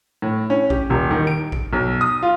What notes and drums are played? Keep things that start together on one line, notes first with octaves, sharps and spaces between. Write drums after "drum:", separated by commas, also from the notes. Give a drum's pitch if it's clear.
A2
C#4
G4, drum: kick A#1
D#1
D#3
D7
drum: kick A#1
B1
D#6
F4